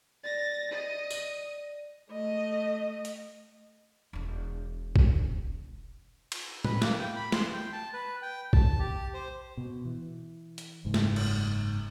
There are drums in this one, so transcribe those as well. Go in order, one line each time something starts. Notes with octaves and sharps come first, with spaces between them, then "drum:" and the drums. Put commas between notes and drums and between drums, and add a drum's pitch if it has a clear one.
D5 A6 A#6
D#5
drum: tambourine
A3 D#5
drum: hi-hat
E1 D4
drum: kick A#1
drum: cymbal
B4, drum: tom A2
A#3, drum: snare
G5
B5
C6, drum: snare
G5
A5
B4
G5
A5, drum: kick A#1
G4
C5
B2
E3
drum: hi-hat
F#1 G#2
drum: snare
drum: cymbal